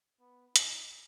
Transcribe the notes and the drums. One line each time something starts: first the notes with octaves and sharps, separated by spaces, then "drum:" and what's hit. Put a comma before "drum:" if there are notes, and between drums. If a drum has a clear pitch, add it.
B3
D#4, drum: hi-hat